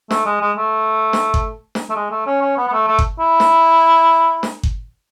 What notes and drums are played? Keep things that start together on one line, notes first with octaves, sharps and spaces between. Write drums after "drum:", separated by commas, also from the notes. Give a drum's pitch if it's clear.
A3, drum: snare
G#3
G#3
A3
drum: snare
drum: kick G1
drum: snare
A3
G#3
A3
C#4
C#4
B3
B3
A3
A3
drum: kick G1
E4
drum: snare
drum: snare
drum: kick G1